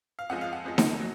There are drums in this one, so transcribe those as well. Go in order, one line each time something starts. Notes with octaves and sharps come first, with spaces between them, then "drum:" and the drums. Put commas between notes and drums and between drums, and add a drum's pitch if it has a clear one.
F5
F2 F3 G#3 F#5
F5
F#5
F2 F3 G#3
drum: snare D#4
F#3